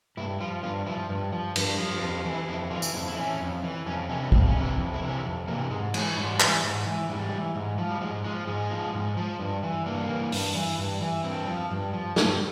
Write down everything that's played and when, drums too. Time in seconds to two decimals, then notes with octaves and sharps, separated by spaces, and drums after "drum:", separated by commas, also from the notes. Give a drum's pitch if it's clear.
0.17 G2 E4
0.40 F3 F4
0.63 G2 F4
0.87 F3 E4
1.09 G2
1.33 F3
1.56 G2, drum: cymbal
1.79 F3
2.02 F2 F4
2.25 E3
2.33 E4
2.48 F2 E4
2.71 E3 F4
2.82 drum: tambourine
2.94 F2 E4
3.08 E4
3.17 E3 C#4
3.40 F2
3.63 E3
3.86 F2 C#4
4.09 C3 E3 C#4
4.32 F2 C4, drum: kick
4.47 C#4
4.56 C3 E3
4.63 E4
4.79 F2
4.94 E4
5.02 C3 E3
5.09 C#4
5.25 F2
5.48 C3 E3 A#3
5.71 G#2 G#3
5.94 E3 G#3, drum: cymbal
6.17 G#2 G3
6.40 E3, drum: clap
6.63 G#2
6.86 E3
7.09 G#2 G3
7.32 E3
7.55 G#2
7.78 F3
7.90 G3
8.01 G#2 G#3
8.25 F3 G#3
8.47 G#2 G#3
8.71 F3
8.94 G#2
9.17 F3
9.40 G2
9.63 E3
9.86 G2 A#3
10.09 E3
10.32 G2, drum: open hi-hat
10.55 E3
10.78 G2
11.01 E3
11.24 G2 C4
11.47 F3
11.71 G2
11.93 F3
12.16 G2 A#3, drum: snare